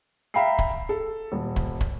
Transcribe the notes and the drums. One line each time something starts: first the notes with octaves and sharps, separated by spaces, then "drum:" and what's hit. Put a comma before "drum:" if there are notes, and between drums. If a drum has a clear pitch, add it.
E5 F5 G5 A#5 B5 C7
drum: kick
A4
D#1
drum: kick
drum: kick